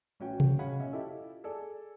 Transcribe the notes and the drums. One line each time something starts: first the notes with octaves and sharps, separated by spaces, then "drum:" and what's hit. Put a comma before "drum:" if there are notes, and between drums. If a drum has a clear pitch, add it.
A1 C#4 F#4 G5
drum: tom C3
C#4 G#4 F5 F#5 G#5 B5
A#1 C#4 D#5 E5
E4 F4 G4 A4 D#5
G#4 A4 D5